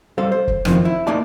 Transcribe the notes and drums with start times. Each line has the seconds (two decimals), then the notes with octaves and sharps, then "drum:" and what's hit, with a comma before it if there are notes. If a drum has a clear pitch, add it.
0.18 G3 A4 C5 F5
0.32 C5
0.48 drum: kick
0.65 F2 D#3 F3 C4, drum: rim click
0.85 E4
1.07 A#3 D#4 D5 A5